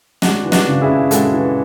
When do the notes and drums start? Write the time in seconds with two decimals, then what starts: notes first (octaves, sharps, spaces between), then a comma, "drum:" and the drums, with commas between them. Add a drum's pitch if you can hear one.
0.22 G#3 D4 F#4, drum: snare
0.44 E3
0.52 D4 F#4, drum: snare
0.67 C#3
0.82 E4 G#4
0.89 C#3
1.11 G#3 F#4 A4, drum: hi-hat
1.33 E3